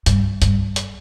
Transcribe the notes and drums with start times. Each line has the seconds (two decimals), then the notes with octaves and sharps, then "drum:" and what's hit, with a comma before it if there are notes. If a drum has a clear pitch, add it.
0.06 G2, drum: hi-hat
0.42 G2, drum: hi-hat
0.76 drum: hi-hat